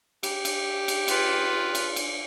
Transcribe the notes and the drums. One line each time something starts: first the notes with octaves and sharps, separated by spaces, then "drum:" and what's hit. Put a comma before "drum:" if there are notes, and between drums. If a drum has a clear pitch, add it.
G4, drum: cymbal
drum: cymbal
drum: cymbal
F4 B4, drum: cymbal
drum: cymbal
drum: cymbal